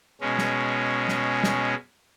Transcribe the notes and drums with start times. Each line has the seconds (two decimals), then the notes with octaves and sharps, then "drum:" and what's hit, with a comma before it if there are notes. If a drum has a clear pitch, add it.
0.21 B2 G#3 C#4
0.38 drum: snare
1.08 drum: snare
1.43 drum: snare